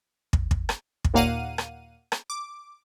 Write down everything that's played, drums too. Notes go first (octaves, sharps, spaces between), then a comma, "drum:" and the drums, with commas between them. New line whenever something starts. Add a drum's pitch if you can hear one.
drum: kick
drum: kick
drum: rim click
drum: kick
D#2 A#2 A#3 F5 F#5 D#7
drum: rim click
drum: rim click
D6